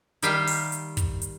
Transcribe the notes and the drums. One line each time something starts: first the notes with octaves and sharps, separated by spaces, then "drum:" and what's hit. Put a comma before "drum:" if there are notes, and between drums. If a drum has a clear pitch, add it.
D#3 G3 G4 E5 F5 G5, drum: hi-hat
drum: open hi-hat
drum: hi-hat
drum: kick, hi-hat
drum: hi-hat